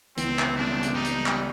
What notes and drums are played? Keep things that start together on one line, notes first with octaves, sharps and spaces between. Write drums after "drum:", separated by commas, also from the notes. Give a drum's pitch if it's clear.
C#2 E3 B3 C4, drum: hi-hat
drum: clap
C2 C#3 D4
drum: hi-hat
G3 D#4 D5
drum: hi-hat
drum: clap